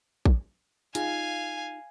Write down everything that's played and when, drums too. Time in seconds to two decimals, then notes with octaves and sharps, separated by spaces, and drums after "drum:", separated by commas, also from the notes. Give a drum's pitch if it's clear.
0.25 drum: kick A#1
0.95 D#4 F4 G#4 F5 G#5, drum: hi-hat